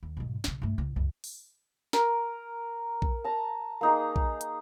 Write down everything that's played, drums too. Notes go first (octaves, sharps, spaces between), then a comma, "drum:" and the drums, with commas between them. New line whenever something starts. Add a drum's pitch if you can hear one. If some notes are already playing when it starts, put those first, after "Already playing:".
D#2
B1 G#2
B1 C#3, drum: snare
G2 A3
C#2
C#2 F#2
drum: open hi-hat
A#4, drum: snare
drum: kick A#1
A5 A#5
A#3 D#4 G#4
drum: kick A#1
drum: hi-hat